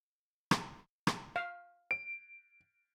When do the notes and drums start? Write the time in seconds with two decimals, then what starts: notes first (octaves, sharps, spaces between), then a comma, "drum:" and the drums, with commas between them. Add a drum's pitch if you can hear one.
0.51 drum: rim click
1.07 drum: rim click
1.36 F5
1.91 D7